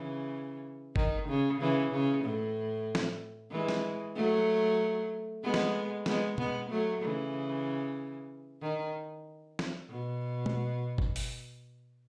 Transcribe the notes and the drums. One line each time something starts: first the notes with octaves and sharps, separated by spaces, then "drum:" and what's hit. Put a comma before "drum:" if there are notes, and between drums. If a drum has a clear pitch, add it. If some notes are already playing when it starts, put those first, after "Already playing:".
Already playing: C#3 E3
D#3, drum: kick G1
C#3
C#3 E3
C#3
A2
drum: snare
E3 G#3
drum: snare
F#3 A3
G#3 B3
drum: snare
G#3 B3, drum: snare
G#3 B3, drum: tom B2
F#3 A3
C#3 E3
D#3
drum: snare
B2
drum: tom
drum: kick G1
drum: open hi-hat